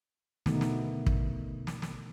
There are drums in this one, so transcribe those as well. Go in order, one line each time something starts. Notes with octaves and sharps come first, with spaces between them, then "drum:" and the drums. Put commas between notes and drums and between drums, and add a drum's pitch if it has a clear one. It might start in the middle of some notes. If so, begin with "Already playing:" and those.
B2 D3 D#3 A3 B3 D#4, drum: snare
drum: snare
drum: kick
drum: snare
drum: snare